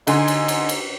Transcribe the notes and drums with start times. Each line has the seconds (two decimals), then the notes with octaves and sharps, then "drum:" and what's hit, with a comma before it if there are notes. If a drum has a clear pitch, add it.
0.07 D3 D#4 G#5 C6, drum: cymbal
0.28 drum: cymbal
0.48 drum: cymbal
0.69 drum: cymbal